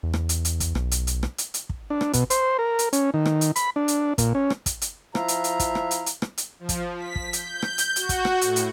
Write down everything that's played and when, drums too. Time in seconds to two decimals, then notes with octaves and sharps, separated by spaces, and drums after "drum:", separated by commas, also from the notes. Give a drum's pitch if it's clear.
0.03 E2
0.13 drum: rim click
0.29 drum: hi-hat
0.45 drum: hi-hat
0.60 drum: kick, hi-hat
0.75 B1, drum: rim click
0.91 drum: hi-hat
1.07 drum: hi-hat
1.23 drum: rim click
1.38 drum: hi-hat
1.54 drum: hi-hat
1.69 drum: kick
1.90 D4
2.01 drum: rim click
2.13 B2, drum: kick, hi-hat
2.30 C5, drum: hi-hat
2.59 A#4
2.79 drum: hi-hat
2.93 C#4, drum: hi-hat
3.14 D#3
3.25 drum: rim click
3.41 drum: hi-hat
3.56 B5, drum: hi-hat
3.76 D4
3.88 drum: hi-hat
4.18 A#2, drum: kick, hi-hat
4.35 C#4
4.50 drum: rim click
4.66 drum: kick, hi-hat
4.82 drum: hi-hat
5.15 F3 E4 E5 F5 A#5, drum: rim click
5.28 drum: hi-hat
5.44 drum: hi-hat
5.60 drum: kick, hi-hat
5.75 drum: rim click
5.91 drum: hi-hat
6.06 drum: hi-hat
6.22 drum: rim click
6.38 drum: hi-hat
6.60 F3
6.69 drum: kick, hi-hat
6.97 B6
7.16 drum: kick
7.33 G6, drum: hi-hat
7.62 drum: rim click
7.78 drum: hi-hat
7.96 F#4, drum: hi-hat
8.09 drum: kick, hi-hat
8.25 drum: rim click
8.41 A2, drum: hi-hat
8.56 drum: hi-hat